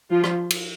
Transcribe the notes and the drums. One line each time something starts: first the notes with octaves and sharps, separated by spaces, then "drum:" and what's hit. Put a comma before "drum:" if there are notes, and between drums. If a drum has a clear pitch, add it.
F3 F4
drum: rim click
drum: cymbal